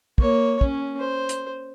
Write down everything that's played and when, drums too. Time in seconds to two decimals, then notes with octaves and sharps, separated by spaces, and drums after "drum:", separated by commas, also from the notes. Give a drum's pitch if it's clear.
0.18 A#3 C#5, drum: kick
0.61 C#4, drum: kick
1.00 C5
1.29 drum: hi-hat